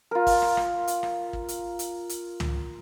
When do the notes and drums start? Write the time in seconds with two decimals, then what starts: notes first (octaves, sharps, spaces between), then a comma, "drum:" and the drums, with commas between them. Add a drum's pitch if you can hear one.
0.11 F4 A#4
0.27 drum: kick, open hi-hat
0.42 drum: rim click
0.57 drum: rim click
0.88 drum: hi-hat
1.03 drum: rim click
1.33 drum: kick
1.48 drum: hi-hat
1.79 drum: hi-hat
2.09 drum: hi-hat
2.40 drum: tom